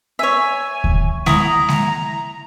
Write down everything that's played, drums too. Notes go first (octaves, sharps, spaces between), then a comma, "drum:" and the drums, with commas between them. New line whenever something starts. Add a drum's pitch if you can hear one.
C#5 E5 G#5
drum: kick D2
E4 A#5 D#6, drum: snare G#3
drum: snare G#3